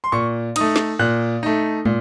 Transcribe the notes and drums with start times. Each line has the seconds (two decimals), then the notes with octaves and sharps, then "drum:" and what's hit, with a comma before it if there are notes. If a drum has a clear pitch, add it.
0.04 C6
0.12 A#2 C#6
0.56 A3 D#4 D#6, drum: cymbal
0.76 drum: snare
0.99 A#2 F#6
1.43 A3 D#4
1.85 A#2, drum: tom